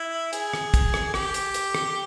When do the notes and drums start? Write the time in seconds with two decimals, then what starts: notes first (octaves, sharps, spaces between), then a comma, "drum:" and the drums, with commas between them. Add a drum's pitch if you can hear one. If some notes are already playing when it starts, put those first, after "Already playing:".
Already playing: E4
0.33 G#4, drum: hi-hat
0.53 drum: rim click
0.74 drum: kick, hi-hat
0.94 drum: rim click
1.14 G4, drum: rim click
1.34 drum: hi-hat
1.54 drum: hi-hat
1.75 drum: rim click